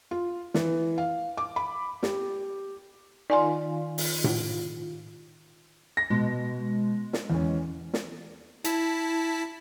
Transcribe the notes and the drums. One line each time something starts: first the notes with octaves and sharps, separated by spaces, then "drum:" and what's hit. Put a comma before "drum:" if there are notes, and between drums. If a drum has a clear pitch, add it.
F4
E3, drum: snare
F5
D6
B5
G4, drum: snare
D#3 F4 D5 G#5 C6
drum: open hi-hat
drum: tom A2
A#6
B2 G#3
drum: snare
E2 C#4
drum: snare
E4 A5 B6, drum: hi-hat